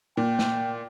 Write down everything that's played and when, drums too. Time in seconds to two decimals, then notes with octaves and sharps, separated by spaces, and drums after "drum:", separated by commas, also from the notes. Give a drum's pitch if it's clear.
0.17 A#2 G5
0.39 drum: snare